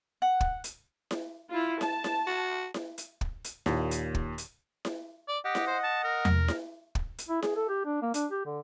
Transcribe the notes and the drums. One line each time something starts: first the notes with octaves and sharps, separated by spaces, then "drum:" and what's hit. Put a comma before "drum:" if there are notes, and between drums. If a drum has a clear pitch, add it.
F#5
drum: kick
drum: hi-hat
drum: snare E4
E4 F4
A5, drum: snare E4
drum: snare E4
F#4
drum: snare E4
drum: hi-hat
drum: kick
drum: hi-hat
D#2 A#2, drum: snare E4
drum: hi-hat
drum: kick
drum: hi-hat
drum: snare E4
D5
G4 D#5 F#5
drum: snare E4
C5
A5
A#4
drum: tom E2
drum: snare E4
drum: kick
drum: hi-hat
E4
G#4, drum: snare E4
A4
G4
D4
A#3
D4, drum: hi-hat
G4
D3